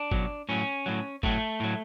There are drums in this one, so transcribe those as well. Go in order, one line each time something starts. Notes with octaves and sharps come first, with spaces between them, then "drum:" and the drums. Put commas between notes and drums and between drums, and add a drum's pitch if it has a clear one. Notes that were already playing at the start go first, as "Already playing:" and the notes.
Already playing: D4
B2 F#3, drum: kick G1
A2 F#3 C#4
A2 F#3
A2 F#3 A3, drum: kick G1
A2 F#3